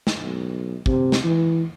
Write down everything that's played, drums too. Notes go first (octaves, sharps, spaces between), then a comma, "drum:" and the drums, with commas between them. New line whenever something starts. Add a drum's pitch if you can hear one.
drum: snare
B1
C3, drum: kick
drum: snare
E3